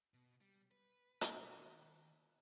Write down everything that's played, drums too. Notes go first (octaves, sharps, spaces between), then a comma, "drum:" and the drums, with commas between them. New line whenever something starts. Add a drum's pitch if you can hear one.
B2
G3
B4
drum: hi-hat
B2
D#3